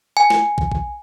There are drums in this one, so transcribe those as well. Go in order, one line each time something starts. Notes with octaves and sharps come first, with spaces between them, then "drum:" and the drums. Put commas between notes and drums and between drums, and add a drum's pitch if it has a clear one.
G#5
drum: snare
drum: kick
drum: kick